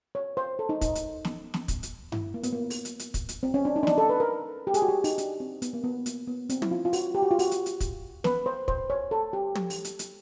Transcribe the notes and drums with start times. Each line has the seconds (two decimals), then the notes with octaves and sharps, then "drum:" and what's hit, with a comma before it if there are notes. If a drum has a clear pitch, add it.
0.15 C#5
0.37 C5
0.59 A4
0.69 D#4
0.81 D#4, drum: kick, hi-hat
0.95 drum: hi-hat
1.25 drum: snare
1.54 drum: snare
1.68 drum: kick, hi-hat
1.83 drum: hi-hat
2.12 E4, drum: tom G2
2.34 A#3
2.43 B3, drum: hi-hat
2.53 A#3
2.70 drum: open hi-hat
2.85 drum: hi-hat
2.99 drum: hi-hat
3.14 drum: kick, hi-hat
3.29 drum: hi-hat
3.43 C4
3.54 C#4
3.65 D4
3.76 D#4
3.83 D4
3.87 D#4, drum: snare
3.98 A4
4.09 B4
4.20 A#4
4.67 G4
4.74 G#4, drum: hi-hat
4.82 F#4
4.88 G4
5.04 D#4, drum: open hi-hat
5.18 D4, drum: hi-hat
5.40 C4
5.62 B3, drum: hi-hat
5.73 A#3
5.84 B3
6.06 A#3, drum: hi-hat
6.27 B3
6.49 C4, drum: hi-hat
6.62 E4, drum: tom
6.71 F4
6.85 F4
6.93 F#4, drum: open hi-hat
7.15 G4
7.22 F#4
7.31 F4
7.39 F#4, drum: open hi-hat
7.51 drum: hi-hat
7.66 drum: hi-hat
7.80 drum: kick, hi-hat
8.24 B4, drum: snare
8.46 C5
8.68 C5, drum: kick
8.90 C#5
9.11 A4
9.33 G4
9.55 drum: tom
9.70 drum: open hi-hat
9.85 drum: hi-hat
9.99 drum: hi-hat